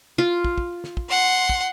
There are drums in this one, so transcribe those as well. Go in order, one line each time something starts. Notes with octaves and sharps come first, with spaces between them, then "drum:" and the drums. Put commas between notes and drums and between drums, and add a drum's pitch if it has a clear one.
F4
drum: kick
drum: kick
drum: snare
drum: kick
F#5 C6
drum: kick